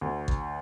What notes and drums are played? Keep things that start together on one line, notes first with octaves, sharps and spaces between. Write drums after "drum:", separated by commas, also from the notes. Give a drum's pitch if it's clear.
D2
drum: kick G#1